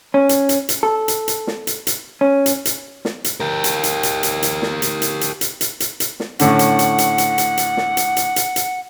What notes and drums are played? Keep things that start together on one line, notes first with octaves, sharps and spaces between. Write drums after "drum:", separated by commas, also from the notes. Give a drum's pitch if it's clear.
C#4
drum: hi-hat
drum: hi-hat
drum: hi-hat
A4
drum: hi-hat
drum: hi-hat
drum: snare
drum: hi-hat
drum: hi-hat
C#4
drum: hi-hat
drum: hi-hat
drum: snare
drum: hi-hat
G4 A#4
drum: hi-hat
drum: hi-hat
drum: hi-hat
drum: hi-hat
drum: hi-hat
drum: snare
drum: hi-hat
drum: hi-hat
drum: hi-hat
drum: hi-hat
drum: hi-hat
drum: hi-hat
drum: hi-hat
drum: snare
A2 D3 C#4 F#5, drum: hi-hat
drum: hi-hat
drum: hi-hat
drum: hi-hat
drum: hi-hat
drum: hi-hat
drum: hi-hat
drum: snare
drum: hi-hat
drum: hi-hat
drum: hi-hat
drum: hi-hat